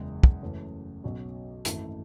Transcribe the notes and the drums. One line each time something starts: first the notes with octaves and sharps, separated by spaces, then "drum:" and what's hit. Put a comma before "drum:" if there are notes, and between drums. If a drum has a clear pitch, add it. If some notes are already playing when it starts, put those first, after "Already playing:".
Already playing: F#1 E2 C#3 G#3
drum: kick
F#2 E3 A3 C#4
B1 B2 F#3 C#4
G#1 F#2 E3 A3 E4, drum: hi-hat